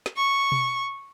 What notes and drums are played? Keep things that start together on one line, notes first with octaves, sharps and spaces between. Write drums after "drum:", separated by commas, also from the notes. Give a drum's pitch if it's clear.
drum: snare
C#6
drum: tom B2